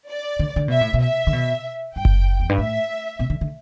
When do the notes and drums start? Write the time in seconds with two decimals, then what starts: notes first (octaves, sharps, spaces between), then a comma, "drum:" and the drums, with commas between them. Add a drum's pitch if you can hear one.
0.09 D5
0.39 D3
0.56 D3
0.68 B2 E5
0.81 A2
0.94 B2
1.02 E5
1.27 D3
1.33 B2
1.96 G2 G5
2.05 drum: kick F#1
2.40 E2
2.49 G2
2.58 A2 E5
3.19 B2
3.30 D3
3.41 D3